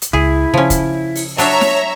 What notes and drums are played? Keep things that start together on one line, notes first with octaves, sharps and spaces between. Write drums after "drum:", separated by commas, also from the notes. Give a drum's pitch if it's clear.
drum: hi-hat
C#2 E4 G#4
C#3 F3 C#4
drum: kick, hi-hat
drum: open hi-hat
F#3 D4 C#5 E5 A#5, drum: open hi-hat
drum: snare